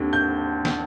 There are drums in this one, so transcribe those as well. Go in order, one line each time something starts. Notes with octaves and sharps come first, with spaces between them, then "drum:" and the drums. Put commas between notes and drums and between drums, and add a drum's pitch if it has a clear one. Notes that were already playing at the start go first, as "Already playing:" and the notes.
Already playing: D#2 D3 C4
G6
drum: snare